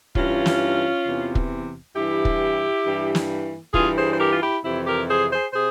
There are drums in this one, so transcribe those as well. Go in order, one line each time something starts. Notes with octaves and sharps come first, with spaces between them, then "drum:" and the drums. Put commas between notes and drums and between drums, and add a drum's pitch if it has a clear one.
G2 E3 C#4 F4, drum: kick
drum: snare
E2 C3 E3
drum: kick
G2 E3 E4 G4
drum: kick
G2 E3
drum: snare
G2 E3 F4 G#4, drum: kick
G#4 C5
C5
G4 A#4
F4
E4 G4
F2 C3 E3 E4 G4
G4 A#4
G#4 C5
G#4 C5
C3 G#4 C5